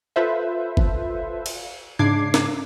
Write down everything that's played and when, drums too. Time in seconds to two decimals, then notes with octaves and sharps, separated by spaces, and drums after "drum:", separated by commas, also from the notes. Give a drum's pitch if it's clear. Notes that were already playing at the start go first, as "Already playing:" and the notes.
0.16 F4 A4 B4 C5 E5
0.77 drum: kick
1.46 drum: cymbal
1.99 G#2 C#3 D4 D6 G#6 C7
2.34 drum: snare